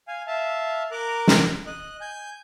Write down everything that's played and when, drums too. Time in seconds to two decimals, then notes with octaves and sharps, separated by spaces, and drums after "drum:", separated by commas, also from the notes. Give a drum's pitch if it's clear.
0.08 F5 G#5
0.27 E5 F5 A5
0.92 A#4 A#5 D6 F#6
1.28 drum: snare
1.66 D#5 F#6
2.01 G#5 G6